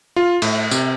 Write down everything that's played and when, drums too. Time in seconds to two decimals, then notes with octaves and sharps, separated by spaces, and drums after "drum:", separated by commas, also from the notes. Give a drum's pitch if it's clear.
0.16 F4
0.42 A2, drum: cymbal
0.71 C3, drum: tambourine